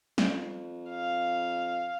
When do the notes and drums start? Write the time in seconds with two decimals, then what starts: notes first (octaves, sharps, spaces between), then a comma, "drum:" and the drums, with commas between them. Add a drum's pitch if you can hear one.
0.18 F2, drum: snare
0.90 F5